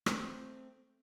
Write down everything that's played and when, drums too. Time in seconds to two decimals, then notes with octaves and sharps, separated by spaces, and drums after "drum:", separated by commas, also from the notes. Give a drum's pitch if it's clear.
0.06 A3 C4 G5, drum: rim click